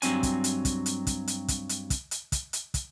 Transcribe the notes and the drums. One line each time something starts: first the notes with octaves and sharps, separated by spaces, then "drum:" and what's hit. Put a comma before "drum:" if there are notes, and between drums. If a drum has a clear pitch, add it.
G2 F#3 C4 C#4 G#5, drum: hi-hat
drum: kick, hi-hat
drum: hi-hat
drum: kick, hi-hat
drum: hi-hat
drum: kick, hi-hat
drum: hi-hat
drum: kick, hi-hat
drum: hi-hat
drum: kick, hi-hat
drum: hi-hat
drum: kick, hi-hat
drum: hi-hat
drum: kick, hi-hat